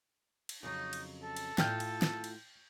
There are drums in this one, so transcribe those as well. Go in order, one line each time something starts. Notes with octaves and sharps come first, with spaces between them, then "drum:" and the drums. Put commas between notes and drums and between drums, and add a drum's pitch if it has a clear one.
drum: cymbal
F2 C#3 F#3 D#4
drum: cymbal
A4
drum: cymbal
A2 F4 G5 F6 G6, drum: snare
drum: cymbal
drum: snare
drum: cymbal